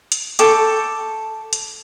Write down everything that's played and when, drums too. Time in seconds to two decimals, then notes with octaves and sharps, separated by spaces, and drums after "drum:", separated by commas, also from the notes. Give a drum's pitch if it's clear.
0.12 drum: hi-hat
0.39 A4 G5 C#6 D6, drum: hi-hat
1.53 drum: hi-hat